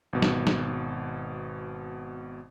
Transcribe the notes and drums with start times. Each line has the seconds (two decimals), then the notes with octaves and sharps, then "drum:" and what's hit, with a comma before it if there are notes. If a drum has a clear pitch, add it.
0.13 G#1 B2
0.22 drum: snare
0.47 drum: snare